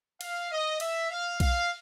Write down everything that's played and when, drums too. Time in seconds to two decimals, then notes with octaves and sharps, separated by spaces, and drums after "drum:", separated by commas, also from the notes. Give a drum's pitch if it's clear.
0.21 F5, drum: cymbal
0.51 D#5
0.80 E5, drum: cymbal
1.10 F5
1.40 F5, drum: kick B1, cymbal